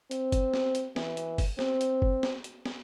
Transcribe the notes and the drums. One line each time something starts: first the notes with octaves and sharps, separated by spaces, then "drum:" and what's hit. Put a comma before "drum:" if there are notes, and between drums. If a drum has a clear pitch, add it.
C4, drum: hi-hat
drum: kick G1, hi-hat
drum: snare
drum: hi-hat
E3, drum: snare
drum: hi-hat
drum: kick G1, open hi-hat
C4, drum: snare
drum: hi-hat
drum: kick G1
drum: snare
drum: hi-hat
drum: snare